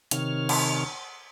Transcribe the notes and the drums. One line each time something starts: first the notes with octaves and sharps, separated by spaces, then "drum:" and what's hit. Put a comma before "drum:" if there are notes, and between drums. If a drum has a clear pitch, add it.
C3 D#3 C#5 F6, drum: hi-hat
drum: cymbal